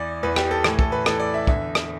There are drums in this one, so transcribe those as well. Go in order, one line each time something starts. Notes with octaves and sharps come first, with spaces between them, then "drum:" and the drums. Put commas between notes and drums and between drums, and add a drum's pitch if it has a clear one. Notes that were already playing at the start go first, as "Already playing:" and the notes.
Already playing: E2 E3 D5
E2 E3 B4
G4, drum: rim click
A4
A2 E3, drum: rim click
A4, drum: kick
B4
A2 E3 A4, drum: rim click
D5
E5
E2 D3 E5, drum: kick
drum: rim click